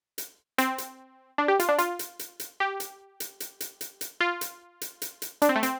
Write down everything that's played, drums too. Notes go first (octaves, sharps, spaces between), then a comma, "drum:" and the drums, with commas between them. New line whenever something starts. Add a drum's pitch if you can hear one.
drum: hi-hat
C4, drum: hi-hat
drum: hi-hat
D4
G4
F4, drum: hi-hat
D4
F4, drum: hi-hat
drum: hi-hat
drum: hi-hat
drum: hi-hat
G4
drum: hi-hat
drum: hi-hat
drum: hi-hat
drum: hi-hat
drum: hi-hat
drum: hi-hat
F4
drum: hi-hat
drum: hi-hat
drum: hi-hat
drum: hi-hat
D4, drum: hi-hat
C4
A3
C4, drum: hi-hat